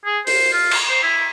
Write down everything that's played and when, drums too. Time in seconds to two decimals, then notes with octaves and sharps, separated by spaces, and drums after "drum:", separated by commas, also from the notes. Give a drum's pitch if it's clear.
0.06 G#4
0.27 C5, drum: open hi-hat
0.53 F4
0.71 drum: cymbal
0.89 C5
1.03 E4